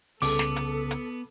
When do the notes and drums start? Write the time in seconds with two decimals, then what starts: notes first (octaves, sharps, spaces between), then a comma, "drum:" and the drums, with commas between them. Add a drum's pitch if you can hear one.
0.22 C2 C#3 B3 A4 D6, drum: open hi-hat
0.39 drum: snare
0.56 drum: hi-hat
0.91 drum: hi-hat